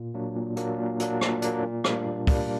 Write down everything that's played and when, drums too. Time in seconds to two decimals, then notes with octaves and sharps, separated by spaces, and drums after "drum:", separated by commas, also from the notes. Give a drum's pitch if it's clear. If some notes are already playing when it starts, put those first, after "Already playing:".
Already playing: A#2
0.14 F#3 A#3 D4
0.36 A#2
0.57 F#3 A#3 D4, drum: hi-hat
0.78 A#2
1.00 F#3 A#3 D4, drum: hi-hat
1.21 A#2, drum: rim click
1.42 F#3 A#3 D4, drum: hi-hat
1.63 A#2
1.84 G3 A#3 D4, drum: rim click
2.07 A#2
2.27 G3 A#3 D4, drum: kick, open hi-hat